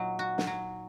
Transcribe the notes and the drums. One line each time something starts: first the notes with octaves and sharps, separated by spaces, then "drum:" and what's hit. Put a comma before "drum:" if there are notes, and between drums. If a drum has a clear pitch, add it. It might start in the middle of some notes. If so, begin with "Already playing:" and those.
Already playing: A#2 F#3 D#4
F#4
drum: snare
F#3